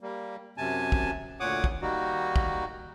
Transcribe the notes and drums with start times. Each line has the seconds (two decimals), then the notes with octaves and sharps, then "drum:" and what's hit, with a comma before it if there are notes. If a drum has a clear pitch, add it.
0.01 G3 A#3
0.58 F#2 C3 G#5 A5
0.92 drum: kick
1.40 D2 A#2 C#5 F#5 D6 D#6
1.64 drum: kick
1.82 D#3 G3 A#3 D#4 F#4
2.36 drum: kick